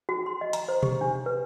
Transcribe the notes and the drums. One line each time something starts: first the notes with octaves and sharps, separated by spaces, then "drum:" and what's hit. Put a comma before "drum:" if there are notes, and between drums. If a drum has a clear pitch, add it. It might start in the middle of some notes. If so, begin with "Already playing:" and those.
F#4
C6
D#5
A#5, drum: hi-hat
C5
G4, drum: tom B2
D4
B4